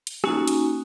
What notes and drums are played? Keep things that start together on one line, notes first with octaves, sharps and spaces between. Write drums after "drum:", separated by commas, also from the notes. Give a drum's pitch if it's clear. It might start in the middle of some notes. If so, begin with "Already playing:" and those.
drum: hi-hat
A#3 C#4 D#4 F#4 G#5, drum: rim click
drum: hi-hat